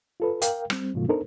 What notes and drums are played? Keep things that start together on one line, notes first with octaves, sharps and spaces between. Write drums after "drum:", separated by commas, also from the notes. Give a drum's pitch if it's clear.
F4 A4 B4
A#4 F5 G5, drum: hi-hat
G3 C4, drum: rim click
G2 B2 D#3 F#3 A3 F4
B3 D4 D#4 A4 A#4 C5